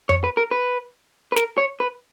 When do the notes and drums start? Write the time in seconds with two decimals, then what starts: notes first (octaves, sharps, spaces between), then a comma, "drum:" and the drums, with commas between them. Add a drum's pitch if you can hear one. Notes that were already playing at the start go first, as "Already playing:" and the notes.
0.09 C#5, drum: tom F2
0.24 B4
0.37 A#4
0.51 B4
1.32 B4
1.36 A#4, drum: snare
1.58 C#5
1.80 B4